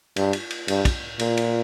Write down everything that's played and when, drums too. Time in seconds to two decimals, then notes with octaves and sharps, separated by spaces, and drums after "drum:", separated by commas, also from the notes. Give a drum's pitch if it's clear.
0.16 G2, drum: cymbal
0.33 drum: cymbal
0.50 drum: cymbal
0.68 G2, drum: cymbal
0.85 drum: kick, cymbal
1.19 A#2, drum: cymbal
1.37 drum: cymbal